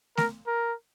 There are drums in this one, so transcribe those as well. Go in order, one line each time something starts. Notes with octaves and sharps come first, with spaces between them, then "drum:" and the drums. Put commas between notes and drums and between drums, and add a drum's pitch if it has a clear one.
A#4, drum: snare A3
A#4